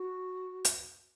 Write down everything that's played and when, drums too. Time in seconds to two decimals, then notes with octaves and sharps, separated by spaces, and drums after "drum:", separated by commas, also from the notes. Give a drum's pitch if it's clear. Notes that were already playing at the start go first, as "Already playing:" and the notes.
Already playing: F#4
0.65 drum: hi-hat